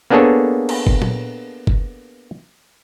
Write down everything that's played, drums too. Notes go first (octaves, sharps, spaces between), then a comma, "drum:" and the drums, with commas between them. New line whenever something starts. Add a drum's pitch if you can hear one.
A#3 B3 D4 G#4 A4 C#5
drum: cymbal
drum: kick G1
drum: tom
drum: kick G1